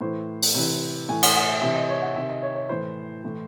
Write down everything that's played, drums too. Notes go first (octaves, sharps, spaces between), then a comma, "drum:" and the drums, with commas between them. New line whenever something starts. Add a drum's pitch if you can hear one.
A2 E3 C5
drum: open hi-hat
C3 E3
A2 E3 G#5
F#5, drum: cymbal
F#5
E5
C3 E3 E5
D#5
C#5
F#5
C3 D#3 E5
D#5
C#5
C#5
A2 E3 C5
A2 E3